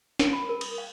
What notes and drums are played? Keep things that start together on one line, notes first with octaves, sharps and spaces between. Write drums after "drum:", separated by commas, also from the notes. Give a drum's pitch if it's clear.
A#4, drum: snare
B5
A#4
D#6, drum: cymbal
F5